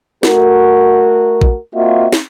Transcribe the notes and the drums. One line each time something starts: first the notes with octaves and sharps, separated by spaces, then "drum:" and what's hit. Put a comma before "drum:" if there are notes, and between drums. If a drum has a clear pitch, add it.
A3 F#4 A#4, drum: snare
drum: kick A#1
A#3 C4 F4 F#4 D#5 E5
drum: snare